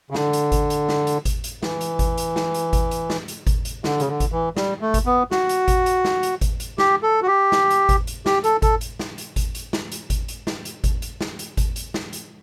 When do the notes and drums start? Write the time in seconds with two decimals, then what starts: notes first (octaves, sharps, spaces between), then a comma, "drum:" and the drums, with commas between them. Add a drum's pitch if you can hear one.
0.10 C#3
0.15 D3, drum: snare
0.33 drum: hi-hat
0.52 drum: kick G#1, hi-hat
0.70 drum: hi-hat
0.89 drum: snare
1.07 drum: hi-hat
1.25 drum: kick G#1, hi-hat
1.44 drum: hi-hat
1.63 E3, drum: snare
1.81 drum: hi-hat
1.99 drum: kick G#1, hi-hat
2.18 drum: hi-hat
2.36 drum: snare
2.54 drum: hi-hat
2.73 drum: kick G#1, hi-hat
2.91 drum: hi-hat
3.10 drum: snare
3.28 drum: hi-hat
3.47 drum: kick G#1, hi-hat
3.65 drum: hi-hat
3.84 D3, drum: snare
4.00 C#3, drum: hi-hat
4.08 D3
4.20 drum: kick G#1, hi-hat
4.32 E3
4.57 G3, drum: snare
4.81 A3
4.94 drum: kick G#1, hi-hat
5.06 B3
5.31 F#4, drum: snare
5.49 drum: hi-hat
5.68 drum: kick G#1, hi-hat
5.86 drum: hi-hat
6.05 drum: snare
6.23 drum: hi-hat
6.41 drum: kick G#1, hi-hat
6.60 drum: hi-hat
6.78 G4, drum: snare
7.03 A4
7.22 F#4
7.27 G4
7.52 drum: snare
7.70 drum: hi-hat
7.89 drum: kick G#1, hi-hat
8.07 drum: hi-hat
8.26 G4, drum: snare
8.44 A4, drum: hi-hat
8.62 A4, drum: kick G#1, hi-hat
8.81 drum: hi-hat
8.99 drum: snare
9.18 drum: hi-hat
9.36 drum: kick G#1, hi-hat
9.55 drum: hi-hat
9.73 drum: snare
9.92 drum: hi-hat
10.10 drum: kick G#1, hi-hat
10.28 drum: hi-hat
10.47 drum: snare
10.65 drum: hi-hat
10.84 drum: kick G#1, hi-hat
11.02 drum: hi-hat
11.21 drum: snare
11.39 drum: hi-hat
11.57 drum: kick G#1, hi-hat
11.76 drum: hi-hat
11.94 drum: snare
12.13 drum: hi-hat